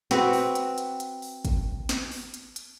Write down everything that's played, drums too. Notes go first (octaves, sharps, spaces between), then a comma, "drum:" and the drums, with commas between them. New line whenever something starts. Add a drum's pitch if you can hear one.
C4 F#4 B4, drum: snare
drum: open hi-hat
drum: hi-hat
drum: hi-hat
drum: hi-hat
drum: open hi-hat
drum: kick, hi-hat
drum: snare
drum: open hi-hat
drum: hi-hat
drum: hi-hat